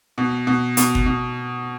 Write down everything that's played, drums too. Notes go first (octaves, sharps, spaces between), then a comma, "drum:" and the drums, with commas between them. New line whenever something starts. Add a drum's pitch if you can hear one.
B2
B2
B2, drum: hi-hat
drum: kick
B2